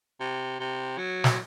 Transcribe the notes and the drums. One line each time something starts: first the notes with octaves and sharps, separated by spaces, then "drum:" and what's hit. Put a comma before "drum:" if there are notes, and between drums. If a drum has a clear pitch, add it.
C3
C3
F#3
drum: snare